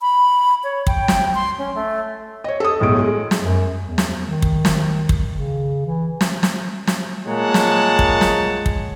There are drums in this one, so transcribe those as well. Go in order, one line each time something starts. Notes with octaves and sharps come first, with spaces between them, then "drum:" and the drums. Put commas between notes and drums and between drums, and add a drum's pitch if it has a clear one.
B5
C#5
G5, drum: kick
drum: snare
C6
C#4
A3
C#5 D#5
A4 D#6
B1 A2 G#3 D7
G#3
drum: snare
F#2
E2
drum: snare
D#3
drum: kick
drum: snare
drum: kick
C#3
E3
drum: snare
drum: snare
drum: snare
A#2 G#3 A#3 C#5 F#5 A5
drum: snare
drum: kick
drum: snare
drum: kick